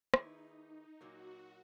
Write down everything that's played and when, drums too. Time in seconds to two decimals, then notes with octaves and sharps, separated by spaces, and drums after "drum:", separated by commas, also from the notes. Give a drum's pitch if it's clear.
0.14 D#3 A#3 D#4 E4 G#4 B4, drum: rim click
0.57 D#4
1.01 A#2 F#3 A#3 F#4